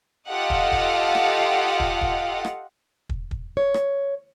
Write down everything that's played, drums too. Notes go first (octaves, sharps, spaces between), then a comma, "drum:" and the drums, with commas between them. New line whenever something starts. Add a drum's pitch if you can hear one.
F4 G4 A4 D#5 F5 F#5
drum: kick
drum: kick
drum: rim click
drum: kick
drum: kick
drum: rim click
drum: kick
drum: kick
C#5
drum: rim click